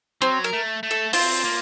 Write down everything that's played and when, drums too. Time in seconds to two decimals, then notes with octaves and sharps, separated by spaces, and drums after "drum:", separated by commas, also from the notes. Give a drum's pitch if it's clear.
0.21 F#3 C4
0.44 A#4
0.53 A3
0.83 A3
0.91 A4
1.13 C4 F4, drum: open hi-hat
1.45 A#3